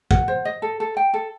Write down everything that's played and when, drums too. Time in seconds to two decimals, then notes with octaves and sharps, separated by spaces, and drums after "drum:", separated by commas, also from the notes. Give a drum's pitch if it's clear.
0.11 F#5, drum: kick
0.28 C5
0.45 D#5
0.62 A4
0.80 A4
0.97 G5
1.14 A4